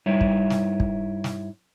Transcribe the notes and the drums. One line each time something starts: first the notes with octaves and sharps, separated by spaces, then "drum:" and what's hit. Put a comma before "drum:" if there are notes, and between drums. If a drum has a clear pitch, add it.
G2 G3 D#4 E4 C#5 E5
drum: kick
drum: snare
drum: kick
drum: snare